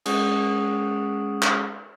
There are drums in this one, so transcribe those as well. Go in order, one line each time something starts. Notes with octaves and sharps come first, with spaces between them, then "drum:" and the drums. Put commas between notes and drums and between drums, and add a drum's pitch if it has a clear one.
G#3 C#4 G#4 F#5 C#6 D#6, drum: cymbal
drum: clap